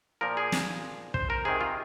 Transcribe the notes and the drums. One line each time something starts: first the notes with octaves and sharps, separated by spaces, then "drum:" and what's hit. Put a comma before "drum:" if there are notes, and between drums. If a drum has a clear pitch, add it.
A#2 F3 A#4
G#4
drum: snare
C5, drum: kick
A#4
C3 D#3 G#4
F4